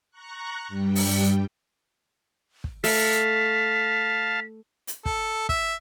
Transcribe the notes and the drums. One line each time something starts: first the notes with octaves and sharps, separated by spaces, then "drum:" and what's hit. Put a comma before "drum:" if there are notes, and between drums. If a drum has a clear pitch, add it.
A#5 C#6 F#6
G2 G3 G5
drum: open hi-hat
drum: kick
A3 F5 A5 B6, drum: open hi-hat
drum: hi-hat
A4, drum: kick
E5, drum: kick